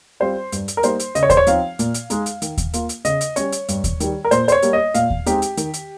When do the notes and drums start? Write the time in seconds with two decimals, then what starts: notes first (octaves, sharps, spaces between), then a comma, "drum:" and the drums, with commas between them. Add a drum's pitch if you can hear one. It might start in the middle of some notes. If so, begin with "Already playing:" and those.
0.20 G3 C4 F4 C5
0.52 G2, drum: hi-hat
0.68 drum: hi-hat
0.77 A#4
0.83 G3 A#3 D#4 C5, drum: hi-hat
0.99 drum: hi-hat
1.15 C#3 D#5, drum: hi-hat
1.23 C#5
1.30 C5, drum: kick D#2, hi-hat
1.37 C#5
1.47 F3 C4 D#4 F5, drum: hi-hat
1.79 A#2, drum: hi-hat
1.94 drum: hi-hat
2.10 G#3 D#4, drum: hi-hat
2.26 drum: hi-hat
2.42 D#3, drum: hi-hat
2.58 drum: kick D#2, hi-hat
2.73 A#3 F4, drum: hi-hat
2.89 drum: hi-hat
3.05 C#3 D#5, drum: hi-hat
3.21 drum: hi-hat
3.36 G3 C#4 C#5, drum: hi-hat
3.52 drum: hi-hat
3.68 G2, drum: hi-hat
3.84 drum: kick D#2, hi-hat
4.00 D#3 G3, drum: hi-hat
4.25 A#4
4.31 A#2 C5, drum: hi-hat
4.48 C5, drum: hi-hat
4.52 C#5
4.62 G3 A#3, drum: hi-hat
4.73 D#5
4.94 A#2 F5, drum: hi-hat
5.10 drum: kick D#2
5.26 G#3 C4 D#4 G4, drum: hi-hat
5.42 drum: hi-hat
5.57 D#3, drum: hi-hat
5.74 drum: hi-hat